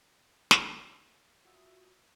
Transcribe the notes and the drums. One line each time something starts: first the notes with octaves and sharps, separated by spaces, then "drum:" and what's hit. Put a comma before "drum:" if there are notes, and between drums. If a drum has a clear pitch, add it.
drum: snare
F4 F#4 E5 D#6 E6